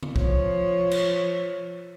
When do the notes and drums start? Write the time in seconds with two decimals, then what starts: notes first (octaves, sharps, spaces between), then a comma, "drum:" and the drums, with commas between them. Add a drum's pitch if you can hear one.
0.03 drum: tom C#3
0.16 F3 C#5, drum: kick B1
0.91 drum: cymbal